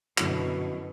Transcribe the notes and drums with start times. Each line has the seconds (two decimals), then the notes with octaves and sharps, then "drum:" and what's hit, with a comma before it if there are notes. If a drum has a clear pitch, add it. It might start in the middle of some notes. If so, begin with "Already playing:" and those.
0.18 F#2 B2 D3 E4 F#4, drum: clap